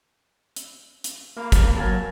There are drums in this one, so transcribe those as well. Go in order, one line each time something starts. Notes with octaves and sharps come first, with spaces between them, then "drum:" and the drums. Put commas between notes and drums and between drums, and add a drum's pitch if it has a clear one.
drum: hi-hat
drum: hi-hat
A#3 F5 B5
drum: kick, hi-hat
F#3 A#4 G#5 A5